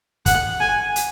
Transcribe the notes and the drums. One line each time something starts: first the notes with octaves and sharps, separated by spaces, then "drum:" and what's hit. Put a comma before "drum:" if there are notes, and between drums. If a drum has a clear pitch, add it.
F#5, drum: kick, hi-hat
G#5
drum: hi-hat